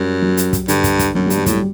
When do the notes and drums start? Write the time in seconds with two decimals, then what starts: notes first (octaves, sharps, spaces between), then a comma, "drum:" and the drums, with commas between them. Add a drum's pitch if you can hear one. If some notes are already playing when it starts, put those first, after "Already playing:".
Already playing: F#2 G3
0.22 F#3
0.37 drum: hi-hat
0.53 drum: kick, hi-hat
0.68 G2 D3, drum: hi-hat
0.84 drum: kick, hi-hat
0.99 drum: kick, hi-hat
1.15 F#2 F#3
1.26 G3
1.30 G2, drum: hi-hat
1.37 F#3
1.46 A2 G3, drum: kick, hi-hat